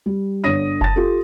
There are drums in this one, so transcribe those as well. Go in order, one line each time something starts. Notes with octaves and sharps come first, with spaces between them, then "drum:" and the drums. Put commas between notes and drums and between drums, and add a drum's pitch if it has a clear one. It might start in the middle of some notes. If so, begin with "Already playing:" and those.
G3
G1 D3 C#5 D#6 A#6 D#7
A5 A6, drum: kick F#1
F4 G4 A4